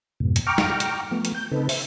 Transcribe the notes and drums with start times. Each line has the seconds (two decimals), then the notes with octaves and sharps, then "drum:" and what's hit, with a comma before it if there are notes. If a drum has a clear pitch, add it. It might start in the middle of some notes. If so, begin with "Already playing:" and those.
0.20 F2 G#2 B2
0.36 drum: hi-hat
0.46 G5 A#5 C#6 D6 F6
0.58 drum: snare
0.80 drum: hi-hat
1.11 F3 A3 B3
1.25 drum: hi-hat
1.35 G6
1.51 C#3 C4 D#4 A4 B4
1.69 C5 E5, drum: open hi-hat